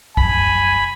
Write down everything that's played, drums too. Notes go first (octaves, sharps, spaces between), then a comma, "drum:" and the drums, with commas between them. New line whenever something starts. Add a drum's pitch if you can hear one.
F1 F#2 G#5 B5, drum: kick B1